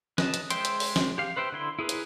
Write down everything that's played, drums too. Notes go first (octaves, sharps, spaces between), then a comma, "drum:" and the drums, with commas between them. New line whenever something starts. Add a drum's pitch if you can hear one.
B4 D#5 A5, drum: snare
drum: hi-hat
G#3 C5 E5 G5 C6, drum: hi-hat
drum: hi-hat
drum: open hi-hat
drum: snare
G4 F5
B4 C5 E5 G5
D3 E4 C6
E4 G#4 A#4 B4
drum: hi-hat